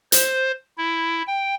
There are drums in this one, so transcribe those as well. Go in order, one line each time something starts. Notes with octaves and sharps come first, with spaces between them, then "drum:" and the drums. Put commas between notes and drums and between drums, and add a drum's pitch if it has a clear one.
C5, drum: hi-hat
E4
G5